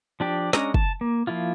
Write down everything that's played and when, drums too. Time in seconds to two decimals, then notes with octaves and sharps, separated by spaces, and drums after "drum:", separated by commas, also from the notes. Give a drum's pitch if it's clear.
0.20 F3 D4 G4
0.53 G#3 C#4 D4 D#5 A#5, drum: snare
0.74 A5, drum: kick
1.01 A#3
1.27 F3 A#3 E4 F4